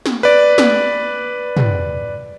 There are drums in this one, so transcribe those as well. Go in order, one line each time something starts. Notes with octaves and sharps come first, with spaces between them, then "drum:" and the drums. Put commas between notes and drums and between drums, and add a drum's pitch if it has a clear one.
drum: snare
B4 D5
drum: snare
drum: tom